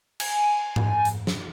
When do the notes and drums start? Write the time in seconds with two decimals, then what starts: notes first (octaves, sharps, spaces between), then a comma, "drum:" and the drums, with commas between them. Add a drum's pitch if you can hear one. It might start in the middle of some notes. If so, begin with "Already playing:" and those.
0.20 G#5, drum: cymbal
0.76 drum: tom G#2
1.05 drum: hi-hat
1.27 drum: snare